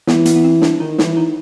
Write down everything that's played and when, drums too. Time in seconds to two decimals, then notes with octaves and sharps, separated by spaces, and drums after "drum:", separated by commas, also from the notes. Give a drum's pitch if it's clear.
0.07 E3 B3, drum: snare
0.26 B3, drum: hi-hat
0.36 B3
0.44 C4
0.62 D4, drum: snare
0.80 D#3 D#4
0.98 D#3 E4, drum: snare
1.05 E3
1.17 D#4